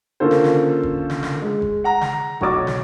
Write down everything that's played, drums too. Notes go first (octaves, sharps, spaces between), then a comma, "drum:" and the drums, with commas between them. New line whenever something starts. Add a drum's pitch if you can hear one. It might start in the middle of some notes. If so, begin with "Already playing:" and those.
D3 A#3 C#4 F4 A4 C5
drum: snare
drum: snare
drum: kick F1
drum: snare
drum: snare
G#3
drum: kick F1
F#5 A#5
drum: snare
B1 F#4 C#5 D6 A6, drum: kick F1
drum: snare